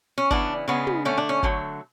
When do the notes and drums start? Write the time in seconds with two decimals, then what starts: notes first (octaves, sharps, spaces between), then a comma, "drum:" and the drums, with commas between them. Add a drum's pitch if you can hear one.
0.18 C#4
0.31 C#3 E3 B3 D4, drum: kick G1
0.68 C#3 G#3 B3
0.87 drum: tom
1.05 D3 A3 C#4
1.18 D4
1.29 C#4
1.43 D3 F#3 A3, drum: kick G1